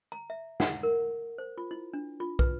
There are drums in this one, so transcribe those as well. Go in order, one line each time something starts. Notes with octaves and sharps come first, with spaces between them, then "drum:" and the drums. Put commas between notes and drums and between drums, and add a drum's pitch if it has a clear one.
A#5
E5
F#5, drum: snare
A#4
C5
F4
E4
D4
F4
B4, drum: kick